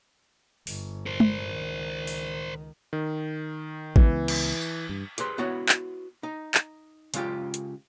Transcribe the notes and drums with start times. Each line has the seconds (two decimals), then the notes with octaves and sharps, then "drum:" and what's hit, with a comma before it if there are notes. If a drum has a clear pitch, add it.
0.67 G1, drum: open hi-hat
1.06 A#4 C5
1.20 drum: tom
1.47 C#2 D#3
2.07 drum: open hi-hat
2.93 D#3
3.96 C#2 E3 B3, drum: kick A1
4.28 drum: cymbal
4.61 drum: tambourine
4.89 G2
5.18 G4 G#4 B4 C6, drum: hi-hat
5.38 B3 E4 F#4 C#5
5.69 drum: clap
6.23 D#4
6.54 drum: clap
7.14 C#3 G#3 F4 G4, drum: hi-hat
7.54 drum: hi-hat